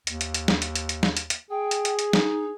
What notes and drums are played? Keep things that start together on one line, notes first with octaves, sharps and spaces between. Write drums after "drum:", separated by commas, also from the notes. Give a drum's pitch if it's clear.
D#2, drum: hi-hat
drum: hi-hat
drum: hi-hat
drum: snare
drum: hi-hat
drum: hi-hat
drum: hi-hat
drum: snare
drum: hi-hat
drum: hi-hat
G#4 G5
drum: hi-hat
drum: hi-hat
drum: hi-hat
D#4, drum: snare